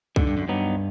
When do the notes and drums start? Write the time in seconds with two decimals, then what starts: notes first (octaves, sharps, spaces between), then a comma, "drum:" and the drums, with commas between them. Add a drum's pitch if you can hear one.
0.16 G#2 D3, drum: kick C2
0.27 G2
0.37 F#2
0.48 G2 F#3 B3 D#4